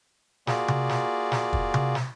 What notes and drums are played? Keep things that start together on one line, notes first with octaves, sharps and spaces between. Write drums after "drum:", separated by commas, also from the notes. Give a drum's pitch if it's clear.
A#3 F4 F#4 G#4 D5, drum: snare
drum: tom C3
drum: snare
drum: snare
drum: kick
drum: tom C3
drum: snare